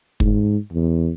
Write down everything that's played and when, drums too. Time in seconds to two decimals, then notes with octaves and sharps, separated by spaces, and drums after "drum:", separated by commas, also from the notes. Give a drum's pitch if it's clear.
0.20 G#2, drum: kick
0.73 E2